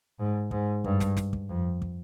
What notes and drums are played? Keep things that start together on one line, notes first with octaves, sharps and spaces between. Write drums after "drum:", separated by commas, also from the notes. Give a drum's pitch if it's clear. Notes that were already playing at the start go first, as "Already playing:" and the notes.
G#2
G#2, drum: kick
G2, drum: kick
drum: snare
drum: snare
drum: kick
F2
drum: kick